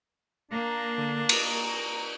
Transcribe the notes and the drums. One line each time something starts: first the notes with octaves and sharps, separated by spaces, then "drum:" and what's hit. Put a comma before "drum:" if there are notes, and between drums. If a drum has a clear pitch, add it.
A#3 D4 A#5
D3
A#5, drum: cymbal